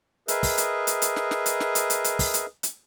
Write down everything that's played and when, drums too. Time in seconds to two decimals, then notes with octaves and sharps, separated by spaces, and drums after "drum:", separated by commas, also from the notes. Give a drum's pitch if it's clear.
0.28 G#4 A#4 B4 D#5 E5, drum: hi-hat
0.43 drum: kick, open hi-hat
0.58 drum: hi-hat
0.87 drum: hi-hat
1.02 drum: hi-hat
1.16 drum: snare
1.31 drum: snare
1.46 drum: hi-hat
1.60 drum: snare
1.75 drum: hi-hat
1.90 drum: hi-hat
2.04 drum: hi-hat
2.19 drum: kick, open hi-hat
2.34 drum: hi-hat
2.63 drum: hi-hat